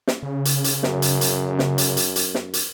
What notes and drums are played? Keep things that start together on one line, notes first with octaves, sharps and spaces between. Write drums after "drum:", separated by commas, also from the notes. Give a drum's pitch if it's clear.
drum: snare
C#3
drum: hi-hat
drum: hi-hat
F#2, drum: snare
drum: hi-hat
drum: hi-hat
drum: snare
drum: hi-hat
drum: hi-hat
drum: hi-hat
drum: snare
drum: hi-hat